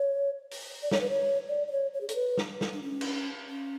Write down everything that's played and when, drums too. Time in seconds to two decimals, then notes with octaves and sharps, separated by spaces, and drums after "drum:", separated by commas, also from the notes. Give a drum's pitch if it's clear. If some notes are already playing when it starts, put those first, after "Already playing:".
Already playing: C#5
0.51 drum: open hi-hat
0.82 D5
0.91 C#5, drum: snare
1.01 B4
1.10 C#5
1.49 D5
1.67 D5
1.72 C#5
1.93 C#5
2.01 G#4
2.09 A4, drum: hi-hat
2.15 B4
2.38 drum: snare
2.61 drum: snare
2.73 D4
2.82 C#4
3.01 drum: cymbal
3.49 C#4